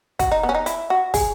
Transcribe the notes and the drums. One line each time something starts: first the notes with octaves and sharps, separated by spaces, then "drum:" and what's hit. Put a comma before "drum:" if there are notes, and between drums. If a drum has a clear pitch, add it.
F#4, drum: kick, hi-hat
D#4
B3
C#4
D#4
E4, drum: hi-hat
F#4
G#4, drum: kick, open hi-hat